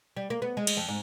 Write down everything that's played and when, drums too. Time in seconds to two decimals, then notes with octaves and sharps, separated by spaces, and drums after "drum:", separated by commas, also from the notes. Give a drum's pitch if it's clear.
0.17 G3
0.30 A#3
0.42 B3
0.57 G#3
0.67 drum: cymbal
0.77 F2
0.88 G#2